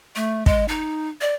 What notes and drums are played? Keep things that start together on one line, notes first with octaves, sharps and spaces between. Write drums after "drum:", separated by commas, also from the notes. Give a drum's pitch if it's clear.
A3
G#3, drum: kick
D#4
D5